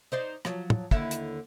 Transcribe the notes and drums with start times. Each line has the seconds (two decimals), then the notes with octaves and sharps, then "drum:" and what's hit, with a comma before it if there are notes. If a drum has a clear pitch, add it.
0.12 D#4 C5 D5
0.45 F3 F#3, drum: rim click
0.70 drum: tom
0.91 D#2 D3 E4, drum: kick
1.11 drum: hi-hat